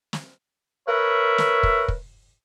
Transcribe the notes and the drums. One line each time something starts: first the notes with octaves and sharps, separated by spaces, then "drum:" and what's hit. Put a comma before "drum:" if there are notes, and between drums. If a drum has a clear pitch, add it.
drum: snare
A#4 B4 C#5 E5
drum: snare
drum: kick
drum: kick